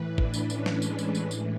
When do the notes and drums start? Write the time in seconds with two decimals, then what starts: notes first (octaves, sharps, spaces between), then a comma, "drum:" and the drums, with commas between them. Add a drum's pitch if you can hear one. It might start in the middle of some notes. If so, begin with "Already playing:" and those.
Already playing: A2 E3 B4
0.18 D4, drum: kick
0.34 drum: tambourine
0.50 C#4, drum: tambourine
0.66 drum: snare
0.82 G#3, drum: tambourine
0.99 drum: tambourine
1.15 A2 E3, drum: tambourine
1.31 drum: tambourine